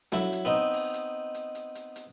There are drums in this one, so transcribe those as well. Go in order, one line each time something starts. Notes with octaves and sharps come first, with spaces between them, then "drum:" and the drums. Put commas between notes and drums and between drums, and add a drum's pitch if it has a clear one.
F#3 E4, drum: snare
drum: hi-hat
B3 C4 D#4
drum: open hi-hat
drum: hi-hat
drum: hi-hat
drum: hi-hat
drum: hi-hat
drum: hi-hat